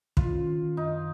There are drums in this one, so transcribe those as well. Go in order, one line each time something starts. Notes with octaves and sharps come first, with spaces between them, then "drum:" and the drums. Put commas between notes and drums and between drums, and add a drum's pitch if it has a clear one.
D#3 F4, drum: kick
C#4
D#3
D#3
F#2 D#4